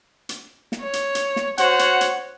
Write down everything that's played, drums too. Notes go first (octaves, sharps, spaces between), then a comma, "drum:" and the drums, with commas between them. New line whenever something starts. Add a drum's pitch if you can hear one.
drum: hi-hat
drum: snare
C#5
drum: hi-hat
drum: hi-hat
drum: snare
F#4 C5 C#5 F#5, drum: hi-hat
drum: hi-hat
drum: hi-hat